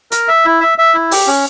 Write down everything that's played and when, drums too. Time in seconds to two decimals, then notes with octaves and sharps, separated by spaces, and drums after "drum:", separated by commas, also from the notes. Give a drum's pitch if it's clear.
0.12 A#4, drum: hi-hat
0.28 E5
0.45 E4
0.61 E5
0.78 E5
0.95 E4
1.11 G4, drum: open hi-hat
1.27 C#4